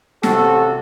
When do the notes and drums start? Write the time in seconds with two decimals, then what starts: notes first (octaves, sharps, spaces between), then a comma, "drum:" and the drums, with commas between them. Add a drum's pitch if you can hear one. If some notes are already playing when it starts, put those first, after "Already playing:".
0.23 A1 C3 F#4 A4, drum: snare